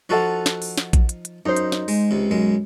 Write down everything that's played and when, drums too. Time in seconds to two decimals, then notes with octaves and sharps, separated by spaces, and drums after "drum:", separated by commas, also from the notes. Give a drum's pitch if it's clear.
0.09 F3 D#4 F4 F#4 A4 F#5
0.46 drum: snare
0.62 drum: open hi-hat
0.78 drum: snare
0.93 drum: kick A#1, hi-hat
1.09 drum: hi-hat
1.25 drum: hi-hat
1.46 F#2 D#4 C5
1.57 drum: hi-hat
1.72 drum: snare
1.88 G#3, drum: open hi-hat
2.11 C#2 C3
2.31 B1 F#2 G#3